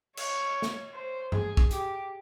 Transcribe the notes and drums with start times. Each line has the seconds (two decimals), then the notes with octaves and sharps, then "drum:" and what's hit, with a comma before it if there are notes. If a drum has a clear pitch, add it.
0.17 C#5, drum: cymbal
0.62 drum: snare
0.93 C5
1.32 G#4, drum: tom G2
1.57 drum: kick
1.71 G4, drum: hi-hat